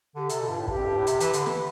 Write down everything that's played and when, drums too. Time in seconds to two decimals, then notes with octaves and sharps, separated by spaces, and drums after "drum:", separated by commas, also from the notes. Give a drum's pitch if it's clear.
0.16 D3 G4
0.29 C3 A4, drum: hi-hat
0.39 B2
0.48 G2 F4
0.58 A2
0.68 G2 G4, drum: kick
0.77 F2
0.87 G2
0.97 A2
1.07 C3, drum: hi-hat
1.20 E3, drum: hi-hat
1.33 D3, drum: hi-hat
1.46 E3, drum: snare